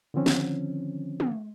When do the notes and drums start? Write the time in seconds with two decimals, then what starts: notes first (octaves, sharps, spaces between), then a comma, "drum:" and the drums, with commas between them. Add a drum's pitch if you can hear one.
0.14 D3 D#3 F3 C4 C#4
0.26 drum: snare
1.20 drum: tom